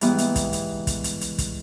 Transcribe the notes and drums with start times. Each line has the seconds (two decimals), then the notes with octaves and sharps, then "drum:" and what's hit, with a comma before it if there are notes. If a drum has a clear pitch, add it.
0.01 G#2 E3 G3 B3, drum: hi-hat
0.18 drum: hi-hat
0.36 drum: kick, hi-hat
0.53 drum: hi-hat
0.87 drum: kick, hi-hat
1.04 drum: hi-hat
1.21 drum: hi-hat
1.38 drum: kick, hi-hat